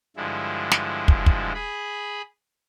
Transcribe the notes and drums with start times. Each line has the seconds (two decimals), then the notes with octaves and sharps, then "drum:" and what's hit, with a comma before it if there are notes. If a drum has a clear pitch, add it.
0.17 G2 D3 F3 G#3 E4
0.71 drum: snare
1.08 drum: kick
1.26 drum: kick
1.54 G#4 B5